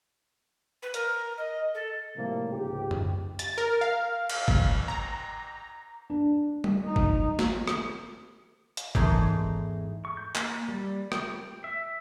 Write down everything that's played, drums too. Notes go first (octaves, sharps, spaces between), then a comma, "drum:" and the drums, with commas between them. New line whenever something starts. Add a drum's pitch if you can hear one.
B4
A#4, drum: hi-hat
D#5
A4
A2 C3 F3 G3 A#3
C#2 G#2 G4
drum: tom F#2
A6, drum: hi-hat
A#4
F5
drum: cymbal
drum: kick G1
A#5
D4
drum: tom G3
D#4
drum: kick G1
drum: snare
drum: rim click
drum: hi-hat
E2 G#2 A3 D#4 D#5 C6, drum: kick G1
C#6
G6
A#3, drum: clap
G3
G5, drum: rim click
E5